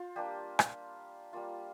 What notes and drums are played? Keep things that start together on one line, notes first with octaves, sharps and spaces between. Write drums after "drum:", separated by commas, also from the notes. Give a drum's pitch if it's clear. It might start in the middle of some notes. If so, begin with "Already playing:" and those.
Already playing: F4 C5
G3 A#3 D4 G4
drum: rim click
G3 A#3 F4